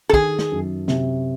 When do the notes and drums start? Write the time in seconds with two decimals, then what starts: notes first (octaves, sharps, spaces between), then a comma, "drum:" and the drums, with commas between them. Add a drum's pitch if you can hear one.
0.09 A4
0.13 D#3 G#4, drum: kick
0.39 drum: snare
0.52 F#2
0.88 C3, drum: snare